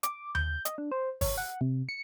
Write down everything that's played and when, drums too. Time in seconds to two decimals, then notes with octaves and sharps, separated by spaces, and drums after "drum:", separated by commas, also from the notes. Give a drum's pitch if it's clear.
0.03 D6, drum: hi-hat
0.35 G6, drum: tom D#2
0.65 D#5, drum: hi-hat
0.78 D4
0.91 C5
1.21 C#5, drum: kick, open hi-hat
1.37 F#5
1.61 C3
1.89 C#7